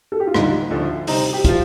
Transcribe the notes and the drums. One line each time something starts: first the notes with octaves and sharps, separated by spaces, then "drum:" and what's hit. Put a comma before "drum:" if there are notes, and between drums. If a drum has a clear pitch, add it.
A4
G4
F4
A1 G2 D3 G3 D#4, drum: rim click
D2 D3 F3 A3
C3 G3 C4 D#4, drum: open hi-hat
G4
F3 F4, drum: kick, hi-hat